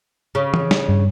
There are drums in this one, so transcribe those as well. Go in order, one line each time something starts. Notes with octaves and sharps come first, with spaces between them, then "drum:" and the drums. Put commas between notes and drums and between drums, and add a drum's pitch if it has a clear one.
C#3
drum: tom
drum: snare
G2